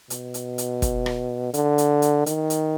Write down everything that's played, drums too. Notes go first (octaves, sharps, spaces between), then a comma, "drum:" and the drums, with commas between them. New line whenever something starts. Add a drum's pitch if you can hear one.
B2, drum: hi-hat
drum: hi-hat
drum: hi-hat
drum: kick, hi-hat
drum: rim click
D3, drum: hi-hat
drum: hi-hat
drum: hi-hat
D#3, drum: hi-hat
drum: hi-hat